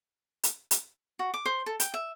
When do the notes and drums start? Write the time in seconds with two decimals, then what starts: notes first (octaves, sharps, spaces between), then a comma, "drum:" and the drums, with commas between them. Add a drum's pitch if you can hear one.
0.43 drum: hi-hat
0.71 drum: hi-hat
1.19 F#4
1.34 D6
1.46 C5
1.66 A4
1.80 G5, drum: hi-hat
1.94 E5